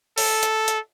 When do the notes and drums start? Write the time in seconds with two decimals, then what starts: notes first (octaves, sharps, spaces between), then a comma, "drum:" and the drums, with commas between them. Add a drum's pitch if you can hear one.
0.18 A4, drum: open hi-hat
0.43 drum: hi-hat
0.68 drum: hi-hat